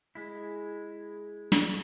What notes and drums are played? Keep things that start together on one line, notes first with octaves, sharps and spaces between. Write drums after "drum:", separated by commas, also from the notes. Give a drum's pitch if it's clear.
G#3 E4
drum: snare